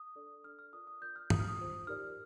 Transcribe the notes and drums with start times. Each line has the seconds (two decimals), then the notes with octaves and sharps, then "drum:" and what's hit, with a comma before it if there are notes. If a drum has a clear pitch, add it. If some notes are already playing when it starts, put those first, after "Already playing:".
Already playing: D#6
0.16 D4 A4 D5
0.44 D4 A4 D5 F6
0.59 F6
0.73 F4 A#4 D5 D#6
0.87 D#6
1.01 F4 A#4 D5 G6
1.16 F6
1.30 F4 C5 D#6, drum: tom
1.40 F6
1.48 D#6
1.59 F4 C5
1.87 D#4 G4 A#4 D5 F6